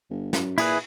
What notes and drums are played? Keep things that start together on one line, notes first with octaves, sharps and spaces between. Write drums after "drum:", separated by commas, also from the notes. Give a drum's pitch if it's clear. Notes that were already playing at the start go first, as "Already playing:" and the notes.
G1
F#2, drum: snare
A#2 E4 G#4 B4, drum: cymbal